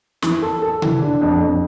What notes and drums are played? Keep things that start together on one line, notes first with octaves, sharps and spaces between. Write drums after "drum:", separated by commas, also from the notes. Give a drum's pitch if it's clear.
E3, drum: snare
A4
A4
E3, drum: tom C3
D4
F2
F2